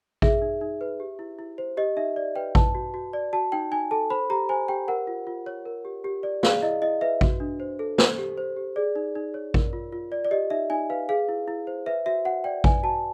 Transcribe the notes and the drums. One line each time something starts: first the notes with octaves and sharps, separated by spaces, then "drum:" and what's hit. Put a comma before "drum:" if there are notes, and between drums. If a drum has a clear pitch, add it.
G#4 E5, drum: kick A1
D#4
D#4
B4
G4
E4
E4
C5
G4 D#5
D#4 E5
D5
B4 G5
B4 A5, drum: kick A1
F#4
F#4
D5
F#4 A5
D#4 G5
D#4 G#5
A4 A5
C5 B5
G4 A#5
C5 G#5
G4 G5
A#4 F#5
F4
F4
C#5
A#4
G4
G4
D5
G#4 F5, drum: snare
E4 D#5
E4 D#5
B4 E5
F#4, drum: kick A1
D4
C5
A4
C5, drum: snare
G4
C5
G4
G#4 D5
D#4
D#4
C#5
A#4, drum: kick A1
F4
F4
D5
D5
G4 D#5
D#4 E5
D#4 G#5
B4 F5
G#4 F5
E4
E4
C5
B4 E5
F#4 E5
F#4 F#5
D5 G5
B4 G#5, drum: kick A1
F#4 A5